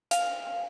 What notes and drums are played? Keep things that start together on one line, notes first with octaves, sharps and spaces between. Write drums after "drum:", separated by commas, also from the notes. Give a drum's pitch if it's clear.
F5, drum: hi-hat